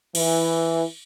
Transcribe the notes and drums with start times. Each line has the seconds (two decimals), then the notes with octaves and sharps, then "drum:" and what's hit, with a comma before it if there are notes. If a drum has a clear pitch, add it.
0.15 E3, drum: cymbal